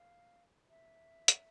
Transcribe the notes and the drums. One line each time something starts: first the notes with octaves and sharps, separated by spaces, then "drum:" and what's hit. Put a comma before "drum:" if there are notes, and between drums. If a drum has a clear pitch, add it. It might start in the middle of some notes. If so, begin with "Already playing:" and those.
Already playing: F5
E5
drum: hi-hat